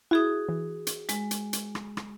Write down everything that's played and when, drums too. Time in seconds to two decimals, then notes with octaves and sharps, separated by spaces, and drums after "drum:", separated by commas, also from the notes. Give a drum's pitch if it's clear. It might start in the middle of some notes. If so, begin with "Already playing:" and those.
0.11 E4 F#4 G#4 D#6
0.49 E3
0.87 drum: hi-hat
1.09 G#3, drum: hi-hat
1.31 drum: hi-hat
1.53 drum: hi-hat
1.75 drum: rim click
1.97 drum: rim click